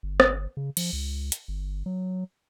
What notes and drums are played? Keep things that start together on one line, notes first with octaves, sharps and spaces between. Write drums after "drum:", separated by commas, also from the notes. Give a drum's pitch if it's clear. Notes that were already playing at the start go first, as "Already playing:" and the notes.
G1
drum: rim click
C#3
F3, drum: cymbal
C#2
drum: hi-hat
G1
F#3